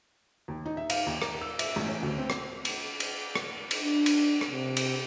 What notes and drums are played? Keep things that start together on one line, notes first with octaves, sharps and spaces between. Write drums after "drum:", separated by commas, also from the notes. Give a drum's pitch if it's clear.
D#2
D#4
E5
F5, drum: cymbal
D#2
A#4, drum: rim click
E6
E5, drum: cymbal
A1
C#4
D2
C4
drum: rim click
drum: cymbal
drum: cymbal
drum: rim click
drum: cymbal
D4
drum: cymbal
drum: rim click
C3
drum: cymbal